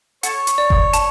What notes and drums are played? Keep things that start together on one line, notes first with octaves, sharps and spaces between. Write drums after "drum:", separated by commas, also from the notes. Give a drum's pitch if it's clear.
A4 C#5 F#5, drum: hi-hat
drum: hi-hat
D5
drum: kick F#1
A5, drum: hi-hat